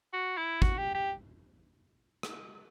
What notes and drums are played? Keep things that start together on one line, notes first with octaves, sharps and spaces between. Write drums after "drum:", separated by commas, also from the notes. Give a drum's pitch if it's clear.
F#4
E4
F#4, drum: kick
G4
G4
drum: rim click